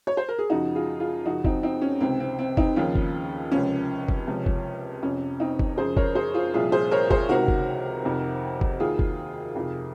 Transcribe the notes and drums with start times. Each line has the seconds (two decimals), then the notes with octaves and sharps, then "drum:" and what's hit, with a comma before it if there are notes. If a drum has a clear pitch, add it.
0.07 C#5
0.17 C5
0.29 A#4
0.39 G#4
0.49 F#2 C#3 F3 D#4 F#4
0.75 F4 G#4
1.00 F4 G#4
1.26 F#2 C#3 F3 D#4 F#4
1.45 C4 D#4, drum: kick F#1
1.63 C4 D#4
1.82 C#4
2.01 C#2 C3 D#3 C4
2.20 C4
2.39 C4
2.57 C4 D#4, drum: kick F#1
2.76 D#2 C#3 F3 C#4 F4
2.95 drum: kick F#1
3.52 C#2 C3 F3 C#4
4.08 drum: kick F#1
4.27 C#2 C3 F3
4.46 drum: kick F#1
5.03 F2 C3 F3 C#4
5.40 C4 D#4
5.59 drum: kick F#1
5.78 F#2 C#3 F3 G#4 C5
5.97 A#4 C#5, drum: kick F#1
6.15 G#4 C5
6.34 F4 G#4
6.54 C2 A#2 F3 F4 G#4
6.72 G#4 C5
6.91 A#4 C#5
7.11 G#4 C5, drum: kick F#1
7.29 C#2 C3 D#3 F#4 A#4
7.48 drum: kick F#1
8.05 F2 C3 D#3
8.61 drum: kick F#1
8.80 D#2 D#3 F4 G#4
8.99 drum: kick F#1
9.55 F2 C3 D#3